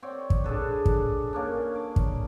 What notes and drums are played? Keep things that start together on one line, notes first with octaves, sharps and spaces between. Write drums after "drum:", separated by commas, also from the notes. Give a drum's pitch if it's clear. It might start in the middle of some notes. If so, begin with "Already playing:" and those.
C4 C#5 D5 G5
drum: kick
D4 G#4 A4 B4
drum: kick
A#3 C#4 D4
D6
drum: kick